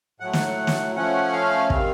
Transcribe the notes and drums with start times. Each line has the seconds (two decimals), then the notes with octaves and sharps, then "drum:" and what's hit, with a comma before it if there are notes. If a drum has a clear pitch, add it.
0.20 A2 F#3 A3 F#5
0.33 drum: snare
0.67 drum: snare
0.95 F3 A3 C#4 F#5
1.33 F5
1.70 D#3 G3 C4 F5, drum: kick